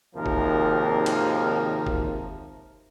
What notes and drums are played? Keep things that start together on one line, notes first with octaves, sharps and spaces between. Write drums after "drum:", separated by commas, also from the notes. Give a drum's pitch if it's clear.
G#1 D#2 C3 F3 A#4
drum: kick
drum: cymbal
drum: kick